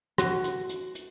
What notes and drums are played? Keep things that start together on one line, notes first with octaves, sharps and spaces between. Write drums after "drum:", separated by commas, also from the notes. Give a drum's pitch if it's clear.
F#4, drum: rim click
drum: hi-hat
drum: hi-hat
drum: hi-hat